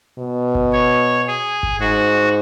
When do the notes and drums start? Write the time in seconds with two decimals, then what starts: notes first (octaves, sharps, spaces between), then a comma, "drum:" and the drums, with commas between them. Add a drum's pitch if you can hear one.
0.18 B2
0.55 drum: kick G1
0.73 C#5
1.27 G#4
1.63 drum: kick G1
1.80 G#2 F#4